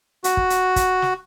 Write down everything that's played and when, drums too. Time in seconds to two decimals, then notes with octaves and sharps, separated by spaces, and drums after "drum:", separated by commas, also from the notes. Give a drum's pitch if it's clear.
0.24 F#4, drum: hi-hat
0.37 drum: kick
0.50 drum: hi-hat
0.76 drum: kick, hi-hat
1.02 drum: snare